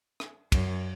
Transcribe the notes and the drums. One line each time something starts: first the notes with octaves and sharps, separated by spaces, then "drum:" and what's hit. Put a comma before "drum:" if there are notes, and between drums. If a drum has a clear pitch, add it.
drum: rim click
F#2, drum: kick, cymbal